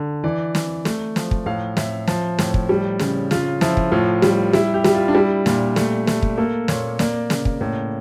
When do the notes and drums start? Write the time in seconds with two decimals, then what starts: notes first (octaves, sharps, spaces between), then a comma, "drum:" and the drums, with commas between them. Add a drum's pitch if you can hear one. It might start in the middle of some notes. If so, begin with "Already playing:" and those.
Already playing: D3
0.24 E3 D5
0.55 E3, drum: snare
0.85 A3, drum: snare
1.16 F3, drum: snare
1.31 drum: kick
1.46 A2 F5
1.77 A2 E5, drum: snare
2.08 F3, drum: snare
2.39 A2, drum: snare
2.54 drum: kick
2.69 G3
2.99 C#3, drum: snare
3.31 C#3 F4, drum: snare
3.61 F3 E4, drum: snare
3.77 drum: kick
3.92 A2 F4
4.22 G3, drum: snare
4.53 G3 E4, drum: snare
4.74 G4
4.84 G3, drum: snare
4.95 F4
5.08 D4
5.15 G3 E4
5.46 A#2, drum: snare
5.76 A3, drum: snare
6.07 A3, drum: snare
6.22 drum: kick
6.38 A#3 A4
6.68 A#2 C#5, drum: snare
6.99 A#3 D5, drum: snare
7.30 C#3, drum: snare
7.45 drum: kick
7.61 A2